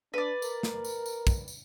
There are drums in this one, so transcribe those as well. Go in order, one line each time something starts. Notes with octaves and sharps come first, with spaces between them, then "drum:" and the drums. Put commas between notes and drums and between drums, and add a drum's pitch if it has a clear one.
D4 B4 D5
A#4, drum: tambourine
drum: snare
drum: tambourine
drum: tambourine
drum: kick, tambourine
drum: tambourine